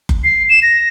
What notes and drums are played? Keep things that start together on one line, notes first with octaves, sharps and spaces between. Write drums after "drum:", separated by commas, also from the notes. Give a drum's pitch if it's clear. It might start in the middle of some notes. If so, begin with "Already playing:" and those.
drum: kick F#1
C7
E7
A#6